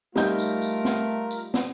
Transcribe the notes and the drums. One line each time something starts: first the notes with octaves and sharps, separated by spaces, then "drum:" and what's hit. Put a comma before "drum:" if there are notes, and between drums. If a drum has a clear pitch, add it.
G3 A3 D#4 F4 A#4 G6, drum: snare
drum: tambourine
drum: tambourine
drum: snare
drum: tambourine
drum: snare